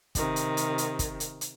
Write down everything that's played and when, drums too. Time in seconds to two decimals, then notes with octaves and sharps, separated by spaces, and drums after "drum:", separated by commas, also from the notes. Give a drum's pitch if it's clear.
0.15 C3 D#3, drum: kick, hi-hat
0.36 drum: hi-hat
0.57 drum: hi-hat
0.78 drum: hi-hat
0.99 drum: kick, hi-hat
1.20 drum: hi-hat
1.41 drum: hi-hat